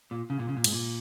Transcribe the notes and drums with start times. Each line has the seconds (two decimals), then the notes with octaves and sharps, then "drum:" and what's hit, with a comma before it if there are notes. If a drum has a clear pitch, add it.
0.11 A#2
0.30 C#3
0.39 A#2
0.49 C#3
0.57 A#2
0.64 G#2, drum: cymbal
0.73 A#2